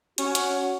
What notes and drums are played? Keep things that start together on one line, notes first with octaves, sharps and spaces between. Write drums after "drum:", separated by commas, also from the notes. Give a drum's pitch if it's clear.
C#4 F#4, drum: hi-hat
drum: hi-hat